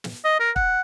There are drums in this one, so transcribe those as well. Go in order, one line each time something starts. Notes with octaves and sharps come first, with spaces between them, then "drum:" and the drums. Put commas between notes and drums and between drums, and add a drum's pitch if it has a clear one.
drum: snare
D#5
A#4
F#5, drum: kick